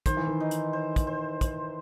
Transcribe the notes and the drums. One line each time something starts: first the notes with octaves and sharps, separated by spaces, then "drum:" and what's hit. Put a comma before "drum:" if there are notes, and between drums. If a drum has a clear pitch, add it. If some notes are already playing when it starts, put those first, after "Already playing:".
D#3 C5, drum: kick, hi-hat
E3
D#3
D#4
drum: hi-hat
C5
drum: kick, hi-hat
C5
C5, drum: kick, hi-hat